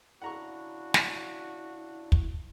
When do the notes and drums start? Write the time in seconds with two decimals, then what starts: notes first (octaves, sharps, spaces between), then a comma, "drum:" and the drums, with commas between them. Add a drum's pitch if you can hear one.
0.22 C#3 D4 E4 F#4 F#5 A#5 C#6
0.94 drum: snare
2.12 drum: kick